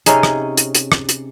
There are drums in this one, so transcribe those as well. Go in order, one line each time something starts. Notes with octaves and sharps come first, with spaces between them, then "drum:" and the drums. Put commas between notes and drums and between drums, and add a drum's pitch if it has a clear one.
C3 C#4 D#4 G#4, drum: hi-hat
drum: rim click
drum: hi-hat
drum: hi-hat
drum: rim click
drum: hi-hat